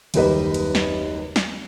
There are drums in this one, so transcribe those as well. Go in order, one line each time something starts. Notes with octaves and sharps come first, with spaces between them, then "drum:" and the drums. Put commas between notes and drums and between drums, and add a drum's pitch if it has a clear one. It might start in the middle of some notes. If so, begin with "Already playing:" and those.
F#1 D#2 G3 D#4 B4 D#5, drum: cymbal
drum: cymbal
drum: snare
drum: snare